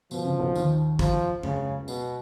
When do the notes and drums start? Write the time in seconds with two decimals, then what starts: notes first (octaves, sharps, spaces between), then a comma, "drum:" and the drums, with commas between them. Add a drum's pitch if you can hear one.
0.11 B2 F3, drum: tambourine
0.25 C#3
0.39 B1 B2
0.55 D#2 D#3, drum: tambourine
0.99 F3, drum: kick, tambourine
1.43 C#3, drum: tom E2
1.88 B2, drum: tambourine